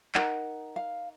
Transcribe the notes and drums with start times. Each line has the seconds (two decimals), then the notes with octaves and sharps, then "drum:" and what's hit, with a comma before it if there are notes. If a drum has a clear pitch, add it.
0.15 D#4 A#4 F#5, drum: clap
0.76 F5